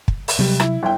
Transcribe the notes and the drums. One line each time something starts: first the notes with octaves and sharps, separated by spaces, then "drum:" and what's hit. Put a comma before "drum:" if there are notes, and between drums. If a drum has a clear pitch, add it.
drum: kick
drum: open hi-hat
C3 F#3 G3
E4, drum: rim click
G1 E4 G5